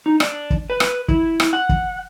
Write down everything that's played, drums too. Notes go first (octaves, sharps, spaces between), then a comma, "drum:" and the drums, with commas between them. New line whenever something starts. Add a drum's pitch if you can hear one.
D#4
D4, drum: rim click
drum: kick
B4
drum: rim click
E4, drum: kick
drum: rim click
F#5
drum: kick